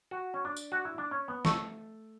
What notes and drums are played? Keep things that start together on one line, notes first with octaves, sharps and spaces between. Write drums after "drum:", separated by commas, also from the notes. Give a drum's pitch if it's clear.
F#4
C#4
D4
drum: tambourine
F#4
E4
D4
C#4
B3
A3, drum: snare